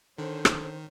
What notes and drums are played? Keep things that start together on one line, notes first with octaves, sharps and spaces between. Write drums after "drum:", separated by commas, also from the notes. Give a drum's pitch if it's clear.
D3 D#3 C#4 C5
drum: rim click